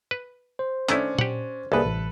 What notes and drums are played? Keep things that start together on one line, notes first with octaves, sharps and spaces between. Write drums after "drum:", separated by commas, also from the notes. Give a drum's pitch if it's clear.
B4
C5
D#3 A3 C#4 D4 E4, drum: hi-hat
G4 F#5, drum: tom A#2
C2 A#3 G#4 A4 B4 D5
A1